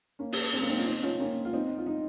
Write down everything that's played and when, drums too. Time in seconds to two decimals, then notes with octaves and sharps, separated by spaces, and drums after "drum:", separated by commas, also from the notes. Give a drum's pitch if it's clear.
0.19 A#3 C#4
0.32 drum: open hi-hat
0.53 G#3 C4
0.61 A#3 C#4
0.70 C4 D#4
0.78 C#4 F4
0.86 C4 D#4
1.03 C#4 F4
1.20 A#3 C#4
1.45 F4
1.53 C4 D#4
1.78 F4
1.86 D#4